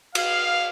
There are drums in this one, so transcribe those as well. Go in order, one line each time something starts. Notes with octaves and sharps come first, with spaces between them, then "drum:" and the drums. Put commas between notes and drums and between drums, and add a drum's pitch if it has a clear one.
F5, drum: cymbal